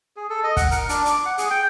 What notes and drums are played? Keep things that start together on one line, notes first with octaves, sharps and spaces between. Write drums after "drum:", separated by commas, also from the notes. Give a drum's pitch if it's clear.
G#4
A4
D#5
F#5, drum: kick, hi-hat
A#4, drum: hi-hat
D4, drum: hi-hat
D6, drum: hi-hat
F#5
G#4, drum: hi-hat
G5